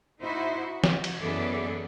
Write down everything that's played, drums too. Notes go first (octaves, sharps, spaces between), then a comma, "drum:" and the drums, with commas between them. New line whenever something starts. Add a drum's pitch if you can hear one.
D#4 E4 F#4 C5 E5
F#4
drum: snare
drum: cymbal
F#2 E3 B3 G#4 A4 D5